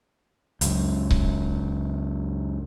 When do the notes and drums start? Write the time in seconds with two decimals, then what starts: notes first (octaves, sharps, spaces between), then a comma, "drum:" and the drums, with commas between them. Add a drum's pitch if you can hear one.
0.61 C#2 F#2, drum: hi-hat
1.11 drum: kick C#1